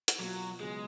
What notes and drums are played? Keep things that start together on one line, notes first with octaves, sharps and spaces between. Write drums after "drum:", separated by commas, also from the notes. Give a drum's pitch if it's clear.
drum: hi-hat
B2 F#3 A#3 F4
C#3 F#3 G#3 B3